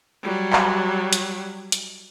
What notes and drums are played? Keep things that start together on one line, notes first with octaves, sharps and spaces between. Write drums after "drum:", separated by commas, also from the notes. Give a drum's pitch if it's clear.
F#3 G3
drum: clap
drum: hi-hat
drum: hi-hat